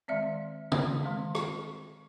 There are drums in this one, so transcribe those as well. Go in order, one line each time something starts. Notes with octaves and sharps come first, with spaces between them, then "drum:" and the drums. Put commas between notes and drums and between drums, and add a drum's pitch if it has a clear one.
D#3 G#3 C4 D5 E5
drum: tom
D#3 G#3 C4
drum: rim click